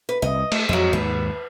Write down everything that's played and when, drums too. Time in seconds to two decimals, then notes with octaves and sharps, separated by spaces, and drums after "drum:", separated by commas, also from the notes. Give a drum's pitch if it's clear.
0.09 B4
0.22 C2 D#5
0.52 A3, drum: cymbal
0.69 F2 F#3 G#3
0.93 D#2 G#2 B4